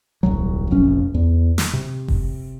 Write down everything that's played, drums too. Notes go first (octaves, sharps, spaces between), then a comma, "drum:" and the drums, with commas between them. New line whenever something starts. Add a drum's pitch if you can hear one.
D#1 C2 F#3
F1 A#1 C#4
E2
drum: snare
C3
drum: kick F#1